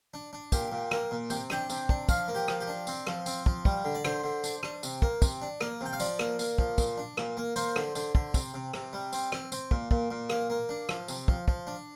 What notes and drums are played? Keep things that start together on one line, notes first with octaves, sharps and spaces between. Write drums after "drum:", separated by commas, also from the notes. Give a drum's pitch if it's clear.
D4
D4
A#2 G4, drum: kick, tambourine
A#2
A#3, drum: rim click
A#2
C3 G5, drum: tambourine
D4 G5, drum: rim click
C3, drum: tambourine
D4, drum: kick
F3 F5, drum: kick, tambourine
A#3
G4
F3, drum: rim click
G4
D4
C4, drum: tambourine
F3, drum: rim click
C4, drum: tambourine
F3, drum: kick
G3, drum: kick
D3
D5
D3 C5, drum: rim click
D3
D4, drum: tambourine
D4, drum: rim click
C3, drum: tambourine
A#3, drum: kick
C3, drum: kick, tambourine
D4
A#3, drum: rim click
C3 G5
F5
F3 D5, drum: tambourine
A#3, drum: rim click
A#3, drum: tambourine
F3, drum: kick
A#2, drum: kick, tambourine
D4
A#2, drum: rim click
A#3
A#3 C5, drum: tambourine
D3, drum: rim click
D3, drum: tambourine
D3, drum: kick
C3, drum: kick, tambourine
C3
C3, drum: rim click
G3
C4, drum: tambourine
C4, drum: rim click
C4, drum: tambourine
A#2, drum: kick
A#2, drum: kick
A#2
A#3, drum: rim click
A#3
D4
F3, drum: rim click
C3, drum: tambourine
F3, drum: kick
F3, drum: kick
D4